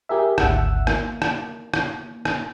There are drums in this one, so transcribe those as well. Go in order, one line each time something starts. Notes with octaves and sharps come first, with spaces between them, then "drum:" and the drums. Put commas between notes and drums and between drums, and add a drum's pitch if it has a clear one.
G4 G#4 A#4 E5
G#1 D2 E5 F#5 E6, drum: rim click
A#3, drum: rim click
drum: rim click
drum: rim click
drum: rim click